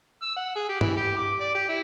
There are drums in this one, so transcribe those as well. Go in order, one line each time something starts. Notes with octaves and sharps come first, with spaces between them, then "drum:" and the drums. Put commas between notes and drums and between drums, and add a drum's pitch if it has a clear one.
E6
F#5
G#4
G4
E3, drum: tom G2
G4
D6
D5
G4
E4